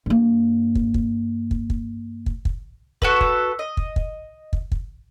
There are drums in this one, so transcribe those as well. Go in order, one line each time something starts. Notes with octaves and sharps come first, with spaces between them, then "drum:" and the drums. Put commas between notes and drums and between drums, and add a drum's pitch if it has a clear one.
G2 A#3
drum: kick
drum: kick
drum: kick
drum: kick
drum: kick
drum: kick
F#4 A4 B4, drum: kick
drum: kick
D#5
drum: kick
drum: kick
drum: kick
drum: kick